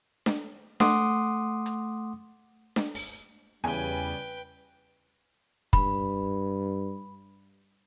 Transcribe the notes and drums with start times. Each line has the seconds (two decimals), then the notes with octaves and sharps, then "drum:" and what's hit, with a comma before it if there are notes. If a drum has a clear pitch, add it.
0.26 drum: snare D4
0.80 A3 F#5 C6 D6 D#6, drum: snare D4
1.66 drum: hi-hat
2.76 drum: snare D4
2.95 drum: open hi-hat
3.64 E2 C#3 G3 B4 G5 G#5
5.73 G2 B5, drum: kick